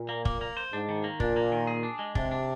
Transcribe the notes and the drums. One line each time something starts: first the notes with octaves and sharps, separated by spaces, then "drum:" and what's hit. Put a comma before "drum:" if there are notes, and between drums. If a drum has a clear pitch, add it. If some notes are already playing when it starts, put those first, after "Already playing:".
Already playing: A#2
A#3
A#3, drum: kick
A#3
C5
G#2 D4
D#3
A#3
A#2 D4, drum: kick
A#3
D#3
G#4
D4
G#3
C3 D4, drum: kick
D4